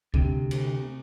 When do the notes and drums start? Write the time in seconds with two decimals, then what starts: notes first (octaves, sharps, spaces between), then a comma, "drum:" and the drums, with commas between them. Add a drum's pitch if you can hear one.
0.14 D2 C3, drum: kick
0.51 drum: cymbal